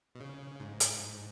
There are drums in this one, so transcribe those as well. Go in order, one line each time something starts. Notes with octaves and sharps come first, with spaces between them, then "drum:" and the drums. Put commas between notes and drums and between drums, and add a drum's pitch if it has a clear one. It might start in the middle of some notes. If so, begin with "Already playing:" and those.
B2
C#3
G#2
drum: hi-hat